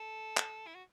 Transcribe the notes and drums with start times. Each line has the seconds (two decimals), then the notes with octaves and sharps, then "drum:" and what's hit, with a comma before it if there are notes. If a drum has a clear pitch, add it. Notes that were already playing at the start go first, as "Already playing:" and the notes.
Already playing: A4
0.37 drum: clap
0.67 E4
0.75 F#4